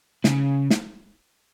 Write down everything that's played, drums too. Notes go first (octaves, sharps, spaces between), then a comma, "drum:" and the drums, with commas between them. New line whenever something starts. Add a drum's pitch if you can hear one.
C#3, drum: snare
drum: snare